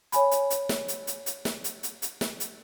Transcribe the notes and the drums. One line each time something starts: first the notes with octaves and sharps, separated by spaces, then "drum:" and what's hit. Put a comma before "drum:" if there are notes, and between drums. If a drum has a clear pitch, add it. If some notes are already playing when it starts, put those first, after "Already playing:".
C#5 G#5 B5, drum: hi-hat
drum: hi-hat
drum: hi-hat
drum: snare
drum: hi-hat
drum: hi-hat
drum: hi-hat
drum: snare
drum: hi-hat
drum: hi-hat
drum: hi-hat
drum: snare
drum: hi-hat